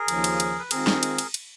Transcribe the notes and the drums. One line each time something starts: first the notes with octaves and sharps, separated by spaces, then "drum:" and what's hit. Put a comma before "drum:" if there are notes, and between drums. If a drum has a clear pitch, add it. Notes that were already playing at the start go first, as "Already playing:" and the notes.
Already playing: G#4 A#4
D#2 C#3 F3, drum: cymbal
drum: cymbal
drum: cymbal
B4
D#3 G#3 C4 F4 G#4 A#4, drum: cymbal
drum: snare
drum: cymbal
drum: cymbal
drum: cymbal